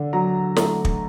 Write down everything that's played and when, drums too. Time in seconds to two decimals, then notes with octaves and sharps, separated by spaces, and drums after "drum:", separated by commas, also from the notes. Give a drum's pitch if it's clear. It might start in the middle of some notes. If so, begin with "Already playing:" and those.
Already playing: D3
0.13 F#3 A#5
0.56 A3, drum: snare
0.85 drum: kick